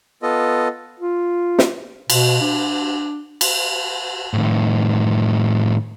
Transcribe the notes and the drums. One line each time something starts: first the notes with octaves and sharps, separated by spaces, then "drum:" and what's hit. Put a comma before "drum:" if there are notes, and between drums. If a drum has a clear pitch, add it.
B3 F4 A4 D#5
F4
drum: snare
B2, drum: cymbal
D4
drum: cymbal
A2 D#3